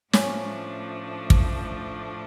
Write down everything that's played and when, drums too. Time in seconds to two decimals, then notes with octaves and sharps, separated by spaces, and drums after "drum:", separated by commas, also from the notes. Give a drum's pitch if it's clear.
0.13 A2 F3 A3 C#4 D4, drum: snare
1.30 drum: kick